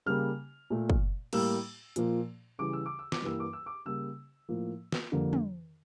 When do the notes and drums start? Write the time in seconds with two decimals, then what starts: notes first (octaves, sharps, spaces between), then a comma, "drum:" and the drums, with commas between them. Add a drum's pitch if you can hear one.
0.06 C#3 G3 A#3 F6
0.70 A#2 A3
0.90 drum: kick
1.33 A2 G3 A#3 E6, drum: cymbal
1.96 A#2 F3 A#3, drum: hi-hat
2.59 C#3 E3 G3 D6
2.73 E6
2.86 D6
2.99 E6
3.12 D6, drum: snare
3.22 G2 E3 G3 A#3 E6
3.40 D6
3.53 E6
3.66 D6
3.85 C#3 G3 A#3 E6
4.49 A2 F3 A#3
4.92 drum: snare
5.12 F2 D3 G3 A#3
5.33 drum: tom